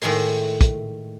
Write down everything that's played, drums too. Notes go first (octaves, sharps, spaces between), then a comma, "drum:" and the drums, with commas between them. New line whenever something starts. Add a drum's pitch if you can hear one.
A2 D#3 G#3 G#5 C6, drum: open hi-hat
drum: kick, hi-hat